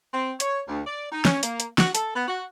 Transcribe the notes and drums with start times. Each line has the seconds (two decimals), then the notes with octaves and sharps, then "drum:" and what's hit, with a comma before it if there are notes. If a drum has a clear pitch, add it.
0.13 C4
0.40 C#5, drum: hi-hat
0.67 D2
0.87 D5
1.12 D#4
1.25 C#4, drum: snare
1.43 A#3, drum: hi-hat
1.60 drum: hi-hat
1.78 F#4, drum: snare
1.95 A4, drum: hi-hat
2.15 B3
2.27 F#4